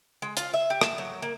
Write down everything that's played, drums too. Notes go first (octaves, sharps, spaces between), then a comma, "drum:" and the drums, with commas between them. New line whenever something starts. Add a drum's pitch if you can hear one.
G#3
F4, drum: hi-hat
E5
G4
A5, drum: rim click
F#3
A#3